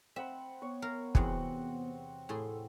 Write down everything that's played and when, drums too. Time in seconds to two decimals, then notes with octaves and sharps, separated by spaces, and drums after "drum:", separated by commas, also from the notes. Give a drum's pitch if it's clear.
0.16 C4 E5 F#5 B5
0.62 B3 C#5
0.82 A#4 F5
1.15 E2 C3 C4 F#4 G#4 F#5, drum: kick
2.29 A2 G#4 A4 C6